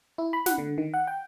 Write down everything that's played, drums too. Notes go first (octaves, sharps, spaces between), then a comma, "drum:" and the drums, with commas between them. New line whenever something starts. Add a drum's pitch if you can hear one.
E4
B5
F#5, drum: snare
D3
D#3
F#5
G5